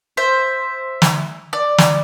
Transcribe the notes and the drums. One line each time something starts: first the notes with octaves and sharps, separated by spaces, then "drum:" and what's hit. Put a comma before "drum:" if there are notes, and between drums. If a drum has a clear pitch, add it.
C5 E5
drum: snare
D5
drum: snare